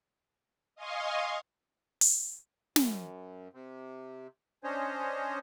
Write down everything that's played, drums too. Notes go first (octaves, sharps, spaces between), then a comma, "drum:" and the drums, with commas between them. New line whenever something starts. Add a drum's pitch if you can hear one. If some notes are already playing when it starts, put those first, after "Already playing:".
D#5 F5 G#5 C6 C#6 D#6
drum: open hi-hat
F#2, drum: snare
C3
C#4 D4 C5 C#5 D#5